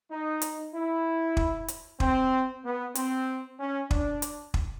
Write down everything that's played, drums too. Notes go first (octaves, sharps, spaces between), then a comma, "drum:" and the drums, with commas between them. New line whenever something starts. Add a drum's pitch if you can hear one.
D#4
drum: hi-hat
E4
drum: kick
drum: hi-hat
C4, drum: kick
B3
C4, drum: hi-hat
C#4
D4, drum: kick
drum: hi-hat
drum: kick